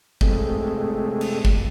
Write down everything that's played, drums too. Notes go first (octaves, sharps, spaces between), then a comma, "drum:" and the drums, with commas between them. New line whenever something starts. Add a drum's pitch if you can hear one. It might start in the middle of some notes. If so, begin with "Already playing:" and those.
C3 G#3 A3, drum: kick
drum: cymbal
drum: kick